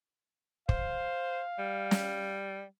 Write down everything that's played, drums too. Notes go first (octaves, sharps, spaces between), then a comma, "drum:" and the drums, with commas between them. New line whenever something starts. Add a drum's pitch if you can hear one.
C5 F5, drum: kick
G3
drum: snare